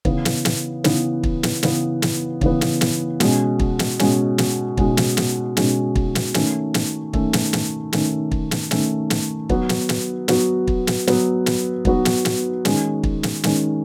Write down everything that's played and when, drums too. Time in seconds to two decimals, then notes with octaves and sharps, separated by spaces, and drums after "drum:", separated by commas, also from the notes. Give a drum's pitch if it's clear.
0.05 C#3 E3 B3, drum: kick
0.25 drum: snare
0.45 drum: snare
0.84 C#3 E3 B3, drum: snare
1.24 drum: kick
1.43 drum: snare
1.63 C#3 E3 B3, drum: snare
2.02 drum: snare
2.41 C#3 E3 B3, drum: kick
2.61 drum: snare
2.81 drum: snare
3.20 B2 G#3 C#4, drum: snare
3.60 drum: kick
3.79 drum: snare
3.99 B2 G#3 C#4, drum: snare
4.38 drum: snare
4.77 B2 G#3 C#4, drum: kick
4.97 drum: snare
5.17 drum: snare
5.57 B2 G#3 C#4, drum: snare
5.96 drum: kick
6.15 drum: snare
6.34 D#3 A3 C#4, drum: snare
6.74 drum: snare
7.13 D#3 A3 C#4, drum: kick
7.33 drum: snare
7.53 drum: snare
7.93 D#3 A3 C#4, drum: snare
8.32 drum: kick
8.51 drum: snare
8.71 D#3 A3 C#4, drum: snare
9.10 drum: snare
9.50 F#3 B3 F#4, drum: kick
9.69 drum: snare
9.89 drum: snare
10.28 F#3 B3 F#4, drum: snare
10.68 drum: kick
10.87 drum: snare
11.07 F#3 B3 F#4, drum: snare
11.46 drum: snare
11.85 F#3 B3 F#4, drum: kick
12.05 drum: snare
12.25 drum: snare
12.65 D#3 G#3 C#4, drum: snare
13.04 drum: kick
13.23 drum: snare
13.43 D#3 G#3 C#4, drum: snare